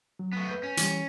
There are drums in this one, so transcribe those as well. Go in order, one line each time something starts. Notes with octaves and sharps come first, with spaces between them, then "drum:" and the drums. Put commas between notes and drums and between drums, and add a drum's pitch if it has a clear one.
F#3
A3 B3
B4 G6
C#4
E3 G3, drum: hi-hat